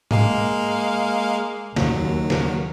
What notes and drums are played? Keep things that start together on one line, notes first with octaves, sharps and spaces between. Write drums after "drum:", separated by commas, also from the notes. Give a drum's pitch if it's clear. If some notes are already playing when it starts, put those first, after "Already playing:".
G#3 A#3 F5, drum: tom G#2
D#2 F#3, drum: snare
drum: snare